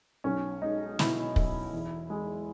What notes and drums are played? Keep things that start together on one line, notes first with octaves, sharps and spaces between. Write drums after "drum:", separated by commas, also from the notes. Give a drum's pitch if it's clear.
B1 C#4
G#3 D#4
B2 E4, drum: snare
B1, drum: kick
E2
G#3